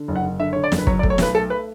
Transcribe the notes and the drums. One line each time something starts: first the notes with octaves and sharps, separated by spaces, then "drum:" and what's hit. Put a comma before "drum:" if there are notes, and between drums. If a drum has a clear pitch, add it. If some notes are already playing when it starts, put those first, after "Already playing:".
Already playing: D3
F#1
F#5
F#1
D3 E5
D3 C#5
D5
F#1, drum: snare
B4
F#3 C#5, drum: kick
D5
A3, drum: kick
C#5
B1 B4, drum: snare
A3 A4
B4